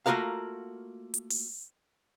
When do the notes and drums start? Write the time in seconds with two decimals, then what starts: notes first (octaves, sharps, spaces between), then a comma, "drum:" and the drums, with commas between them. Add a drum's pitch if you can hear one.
0.06 A3 A#3 F4 F#4 A#4 F5
1.14 drum: hi-hat
1.30 drum: open hi-hat